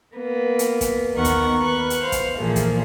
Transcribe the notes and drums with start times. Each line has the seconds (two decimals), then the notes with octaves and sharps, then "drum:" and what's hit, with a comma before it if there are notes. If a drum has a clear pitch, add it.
0.15 A#3 B3
0.59 drum: hi-hat
0.81 drum: kick, hi-hat
1.15 D#2 B3 A#4 F#5 C#6
1.25 drum: kick, hi-hat
1.61 B4 C#6 F#6
1.90 drum: hi-hat
2.03 C5 F5
2.12 drum: kick, hi-hat
2.36 A#2 E3 F3 A3 A#3 G#4
2.56 drum: kick, hi-hat